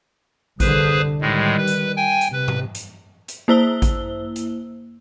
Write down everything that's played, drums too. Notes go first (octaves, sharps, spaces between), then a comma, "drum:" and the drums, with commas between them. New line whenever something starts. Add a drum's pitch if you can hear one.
C2 D3 G#4 B4 C5, drum: kick A1, hi-hat
A2 D#3 G3 G#3
B4
drum: hi-hat
G5 G#5
drum: hi-hat
C3 B4
drum: tom G#2
drum: hi-hat
drum: hi-hat
A#3 E4 C5 E6 G7
drum: kick A1, hi-hat
drum: hi-hat